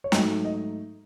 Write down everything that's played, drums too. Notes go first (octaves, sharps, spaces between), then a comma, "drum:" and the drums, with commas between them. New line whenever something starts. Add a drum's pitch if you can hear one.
C#5
G#2 F#3 A3 D#4 D#5, drum: snare
D#5